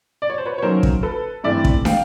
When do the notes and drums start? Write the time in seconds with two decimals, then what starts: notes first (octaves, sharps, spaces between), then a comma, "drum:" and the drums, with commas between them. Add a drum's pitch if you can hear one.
0.22 D5
0.30 C#5
0.38 C5
0.45 B4 C#5
0.58 C#5
0.62 D#3 F#3 A#3 C#4 A#4 C5
0.83 drum: kick
1.03 A4 B4
1.44 G2 E3 A3 C4 E4 D5 E5
1.65 drum: kick
1.85 F5 G5, drum: snare